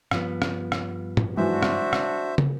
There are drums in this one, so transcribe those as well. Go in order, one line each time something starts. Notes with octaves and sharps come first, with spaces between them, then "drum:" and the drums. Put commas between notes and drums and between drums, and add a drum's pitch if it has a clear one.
G2 F3 B3, drum: rim click
drum: rim click
drum: rim click
drum: tom
G#2 E3 F#3 D4 F#4 C5 E5
drum: rim click
drum: rim click
drum: tom